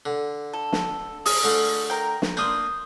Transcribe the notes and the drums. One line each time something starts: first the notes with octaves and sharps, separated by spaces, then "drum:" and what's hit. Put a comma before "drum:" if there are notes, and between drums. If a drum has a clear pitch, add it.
D3
A4
drum: snare
G#4 F6, drum: open hi-hat
D3 A3 F4
A#4 G5
drum: snare
A#3 D4 C6 D#6 G6